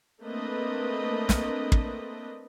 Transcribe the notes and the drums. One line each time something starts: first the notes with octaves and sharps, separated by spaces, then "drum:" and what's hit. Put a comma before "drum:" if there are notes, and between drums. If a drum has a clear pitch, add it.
A3 A#3 C4 D4 B4 D#5
drum: snare
drum: kick